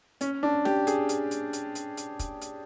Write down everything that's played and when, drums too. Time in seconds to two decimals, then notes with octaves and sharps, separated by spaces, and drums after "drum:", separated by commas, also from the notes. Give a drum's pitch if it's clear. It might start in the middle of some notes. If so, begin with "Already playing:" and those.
0.21 C#4, drum: hi-hat
0.43 D4
0.65 G4, drum: snare
0.87 G#4, drum: hi-hat
1.09 drum: hi-hat
1.31 drum: hi-hat
1.53 drum: hi-hat
1.75 drum: hi-hat
1.97 drum: hi-hat
2.19 drum: kick, hi-hat
2.42 drum: hi-hat